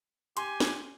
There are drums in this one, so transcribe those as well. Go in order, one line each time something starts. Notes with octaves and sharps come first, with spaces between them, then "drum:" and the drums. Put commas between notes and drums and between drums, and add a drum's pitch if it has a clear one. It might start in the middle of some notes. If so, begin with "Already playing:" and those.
G4 G#5 C6, drum: hi-hat
drum: snare